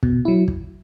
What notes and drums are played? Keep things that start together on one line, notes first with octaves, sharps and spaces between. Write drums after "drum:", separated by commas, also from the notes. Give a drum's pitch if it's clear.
B2, drum: kick
F#3 E4
drum: kick